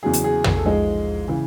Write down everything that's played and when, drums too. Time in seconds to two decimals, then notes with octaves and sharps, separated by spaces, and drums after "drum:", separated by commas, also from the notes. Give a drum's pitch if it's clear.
0.03 E2 C#3 F#3 G#4
0.13 drum: hi-hat
0.24 G#4
0.44 G#4, drum: tom
0.57 A4
0.65 G#2 F3 G#3 G#4
1.28 C#3 E3